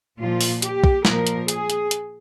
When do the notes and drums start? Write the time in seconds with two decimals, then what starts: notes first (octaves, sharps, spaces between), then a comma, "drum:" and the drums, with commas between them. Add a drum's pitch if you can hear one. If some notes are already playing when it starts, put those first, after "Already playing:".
0.19 A#2 F3 F4
0.41 drum: open hi-hat
0.62 G4, drum: hi-hat
0.84 drum: kick
1.05 A#2 F3 A#4, drum: snare
1.27 drum: hi-hat
1.48 G#4, drum: hi-hat
1.70 drum: hi-hat
1.91 drum: hi-hat